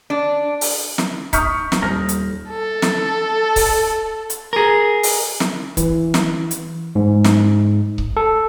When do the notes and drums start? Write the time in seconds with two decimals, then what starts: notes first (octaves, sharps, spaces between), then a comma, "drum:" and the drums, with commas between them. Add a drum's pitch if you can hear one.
0.10 D4
0.61 drum: open hi-hat
0.98 drum: snare
1.33 C#6 D#6 F6 G6 B6 C#7, drum: kick C#1, hi-hat
1.72 drum: snare
1.82 D#1 F6 A#6
2.09 drum: hi-hat
2.50 A4
2.82 drum: snare
3.56 drum: kick C#1, open hi-hat
4.30 drum: hi-hat
4.53 G#4 A#4
5.03 drum: open hi-hat
5.40 drum: snare
5.77 E3, drum: kick C#1, hi-hat
6.14 drum: snare
6.51 drum: hi-hat
6.95 G#2
7.24 drum: snare
7.98 drum: kick C#1
8.17 A4